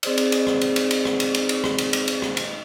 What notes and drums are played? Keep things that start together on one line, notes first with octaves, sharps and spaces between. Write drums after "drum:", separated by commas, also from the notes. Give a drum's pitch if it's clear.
C4 G#4 C5 D5, drum: cymbal
drum: cymbal
drum: cymbal
drum: rim click
drum: cymbal
drum: cymbal
drum: cymbal
drum: rim click
drum: cymbal
drum: cymbal
drum: cymbal
drum: rim click
drum: cymbal
drum: cymbal
drum: cymbal
drum: rim click
drum: cymbal